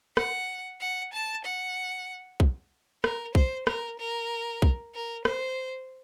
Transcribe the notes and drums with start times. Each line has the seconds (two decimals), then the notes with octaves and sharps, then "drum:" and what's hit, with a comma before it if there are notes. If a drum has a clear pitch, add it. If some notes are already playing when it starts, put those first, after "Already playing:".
0.17 F#5, drum: rim click
0.80 F#5
1.13 A5
1.45 F#5
2.40 drum: kick B1
3.04 A#4, drum: rim click
3.35 C5, drum: kick B1
3.67 A#4, drum: rim click
3.99 A#4
4.62 drum: kick B1
4.94 A#4
5.25 C5, drum: rim click